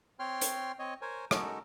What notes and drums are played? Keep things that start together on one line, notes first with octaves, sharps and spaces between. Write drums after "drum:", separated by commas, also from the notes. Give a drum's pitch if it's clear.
C4 C#5 G5 C6 F6
drum: hi-hat
C4 C#5 D#5
A#4 C5 C#5 G#5
G#3 C#4 D#4 F#4 A4 A#4, drum: rim click